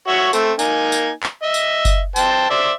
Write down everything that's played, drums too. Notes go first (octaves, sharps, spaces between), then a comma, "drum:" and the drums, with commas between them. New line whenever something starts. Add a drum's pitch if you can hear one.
F#4 C#5 E5
A3 C4, drum: tambourine
A#3 D#4 G#5, drum: tambourine
drum: tambourine
drum: clap
D#5 E5
drum: tambourine
drum: kick F#1, tambourine
C5 G5 A5, drum: tambourine
C5 D5 E5